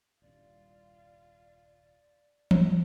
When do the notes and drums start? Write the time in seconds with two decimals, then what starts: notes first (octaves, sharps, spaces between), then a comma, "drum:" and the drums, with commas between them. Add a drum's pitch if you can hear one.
0.22 D#1 C2 G2 F4 D5
2.51 drum: tom E3